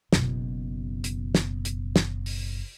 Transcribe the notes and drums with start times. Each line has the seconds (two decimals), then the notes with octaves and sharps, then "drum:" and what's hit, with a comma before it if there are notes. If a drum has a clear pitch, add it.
0.13 F#1 B2, drum: snare
1.04 drum: hi-hat
1.35 drum: snare
1.65 drum: hi-hat
1.96 drum: snare
2.26 drum: open hi-hat